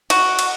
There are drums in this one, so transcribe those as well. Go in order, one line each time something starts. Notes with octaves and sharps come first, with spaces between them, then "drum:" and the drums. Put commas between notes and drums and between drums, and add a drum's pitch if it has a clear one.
F#4, drum: cymbal
drum: cymbal